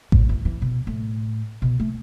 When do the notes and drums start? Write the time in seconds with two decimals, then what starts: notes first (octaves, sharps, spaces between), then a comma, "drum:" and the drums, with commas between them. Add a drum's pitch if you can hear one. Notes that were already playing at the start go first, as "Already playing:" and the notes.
0.12 A2, drum: kick A1
0.29 E3
0.45 E3
0.62 B2
0.87 A2
1.62 B2
1.80 A3